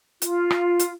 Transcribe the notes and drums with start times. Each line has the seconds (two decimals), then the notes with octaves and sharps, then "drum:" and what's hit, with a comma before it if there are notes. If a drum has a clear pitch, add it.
0.22 F4, drum: hi-hat
0.50 drum: rim click
0.79 drum: hi-hat